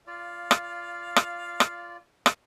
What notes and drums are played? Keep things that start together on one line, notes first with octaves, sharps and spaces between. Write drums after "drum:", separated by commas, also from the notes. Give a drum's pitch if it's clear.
F4 D5 F5
drum: rim click
drum: rim click
drum: rim click
drum: rim click